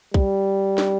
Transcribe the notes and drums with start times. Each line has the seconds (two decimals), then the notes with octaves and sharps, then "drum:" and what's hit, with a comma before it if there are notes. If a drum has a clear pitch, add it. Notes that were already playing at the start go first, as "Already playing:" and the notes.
0.14 G3, drum: kick
0.78 drum: snare